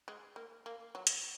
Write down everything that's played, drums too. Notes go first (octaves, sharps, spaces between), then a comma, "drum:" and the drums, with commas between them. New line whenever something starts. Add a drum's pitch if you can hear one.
G#3
A#3
A#3
F#3
drum: hi-hat